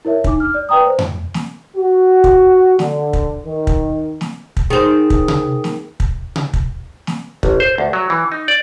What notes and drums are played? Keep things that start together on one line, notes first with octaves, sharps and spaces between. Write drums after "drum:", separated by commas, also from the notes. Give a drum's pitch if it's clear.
E4 A#4 C#5 E5
D4 D#4 D6, drum: kick
F6
D5
B4 D5 G5 A#5 D#6
C5
drum: tom F2
drum: snare
F#4
drum: kick
D3, drum: snare
drum: kick
D#3
drum: kick
drum: snare
drum: kick
D#3 G#4 C5
drum: kick
drum: tom C3
drum: snare
drum: kick
drum: tom C3
drum: kick
drum: snare
A1, drum: kick
C5
D2
F#3
E3
D#4
D5